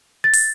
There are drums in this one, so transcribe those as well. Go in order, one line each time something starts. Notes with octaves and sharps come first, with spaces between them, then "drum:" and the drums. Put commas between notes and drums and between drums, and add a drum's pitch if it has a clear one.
A6
drum: open hi-hat